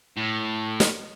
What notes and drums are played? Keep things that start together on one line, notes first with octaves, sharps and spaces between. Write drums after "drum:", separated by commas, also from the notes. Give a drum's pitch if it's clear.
A2
drum: snare